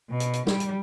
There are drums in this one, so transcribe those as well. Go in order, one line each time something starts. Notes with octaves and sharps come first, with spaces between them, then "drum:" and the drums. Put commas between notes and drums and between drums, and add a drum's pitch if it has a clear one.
B2
drum: hi-hat
drum: hi-hat
G3, drum: snare
drum: hi-hat